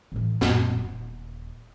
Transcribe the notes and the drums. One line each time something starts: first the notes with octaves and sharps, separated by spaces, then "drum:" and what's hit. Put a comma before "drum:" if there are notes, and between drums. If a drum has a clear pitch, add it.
A2 E3
F#2 A#2, drum: snare
D#1